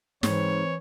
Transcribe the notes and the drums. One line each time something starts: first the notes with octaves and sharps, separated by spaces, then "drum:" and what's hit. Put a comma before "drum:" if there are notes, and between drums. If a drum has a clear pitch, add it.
G#2 E3 C4 C5 C#5, drum: snare